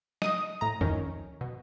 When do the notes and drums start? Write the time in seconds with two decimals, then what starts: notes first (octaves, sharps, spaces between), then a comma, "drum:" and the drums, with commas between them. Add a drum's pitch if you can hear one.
0.22 D#5 D#6, drum: snare
0.61 A2 A#5
0.81 F2 D#3 C#4, drum: kick C#2
1.41 B2